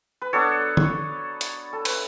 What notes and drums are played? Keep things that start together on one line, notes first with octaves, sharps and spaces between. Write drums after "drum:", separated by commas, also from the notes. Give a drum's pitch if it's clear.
B4
F#3 B3 D4 A4 C#5
drum: tom
drum: hi-hat
A4
B4, drum: cymbal